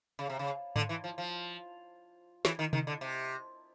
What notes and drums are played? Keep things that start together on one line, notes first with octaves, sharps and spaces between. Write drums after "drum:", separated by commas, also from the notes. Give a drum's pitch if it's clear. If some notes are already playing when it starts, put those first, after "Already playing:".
C#3
C3
C#3
D3, drum: tom G#2
E3
F3
F3
E3, drum: snare
D#3
D#3, drum: tom C3
D3
C3